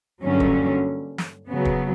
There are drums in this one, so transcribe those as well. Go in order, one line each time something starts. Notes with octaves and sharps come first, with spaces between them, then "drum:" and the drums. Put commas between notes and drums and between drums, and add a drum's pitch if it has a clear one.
G2 D3 F#3 A#3 C#4
drum: kick
drum: snare
C#3 F#3 B3
drum: kick